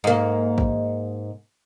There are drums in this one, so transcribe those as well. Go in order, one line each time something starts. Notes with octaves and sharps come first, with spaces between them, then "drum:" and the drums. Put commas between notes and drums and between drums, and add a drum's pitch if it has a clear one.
G#2 A#3
drum: kick